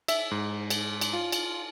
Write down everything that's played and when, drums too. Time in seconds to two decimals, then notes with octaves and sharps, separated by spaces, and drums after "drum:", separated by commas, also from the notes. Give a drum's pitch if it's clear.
0.08 E5, drum: cymbal
0.31 G#2
0.70 drum: cymbal
1.01 drum: cymbal
1.13 F4
1.32 drum: cymbal